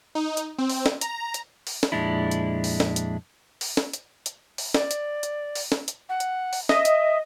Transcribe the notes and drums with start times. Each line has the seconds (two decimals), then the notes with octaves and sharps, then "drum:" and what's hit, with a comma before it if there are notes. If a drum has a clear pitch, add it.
0.15 D#4
0.37 drum: hi-hat
0.58 C4
0.69 drum: open hi-hat
0.86 drum: snare
1.01 A#5, drum: hi-hat
1.34 drum: hi-hat
1.67 drum: open hi-hat
1.83 drum: snare
1.92 F2 A#2 G#3 D4 E4
2.31 drum: hi-hat
2.64 drum: open hi-hat
2.80 drum: snare
2.96 drum: hi-hat
3.61 drum: open hi-hat
3.77 drum: snare
3.93 drum: hi-hat
4.26 drum: hi-hat
4.58 drum: open hi-hat
4.74 D5, drum: snare
4.91 drum: hi-hat
5.23 drum: hi-hat
5.55 drum: open hi-hat
5.72 drum: snare
5.88 drum: hi-hat
6.09 F#5
6.20 drum: hi-hat
6.53 drum: open hi-hat
6.69 D#5 E5, drum: snare
6.85 drum: hi-hat